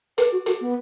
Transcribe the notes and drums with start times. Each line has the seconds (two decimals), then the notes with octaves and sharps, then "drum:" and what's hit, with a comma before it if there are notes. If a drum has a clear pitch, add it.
0.18 B4, drum: hi-hat
0.32 F#4
0.46 F#4, drum: hi-hat
0.61 B3